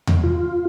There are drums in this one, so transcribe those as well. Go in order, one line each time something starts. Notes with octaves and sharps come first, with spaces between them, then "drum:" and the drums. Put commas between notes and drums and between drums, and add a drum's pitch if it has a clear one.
drum: tom E2
F4